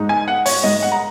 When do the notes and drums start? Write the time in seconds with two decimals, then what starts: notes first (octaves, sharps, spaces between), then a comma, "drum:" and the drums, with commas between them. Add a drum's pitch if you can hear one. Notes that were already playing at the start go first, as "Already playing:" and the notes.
Already playing: G#2 G#3 D#4
0.09 G#5
0.28 F#5
0.46 C#5, drum: open hi-hat
0.63 G#2 G#3 D#4 D#5
0.83 F#5
0.92 A#5